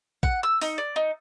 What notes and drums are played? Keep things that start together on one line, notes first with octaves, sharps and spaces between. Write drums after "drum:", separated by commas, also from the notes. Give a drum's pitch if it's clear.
F#5, drum: kick
E6
D#4, drum: open hi-hat
D5
D#4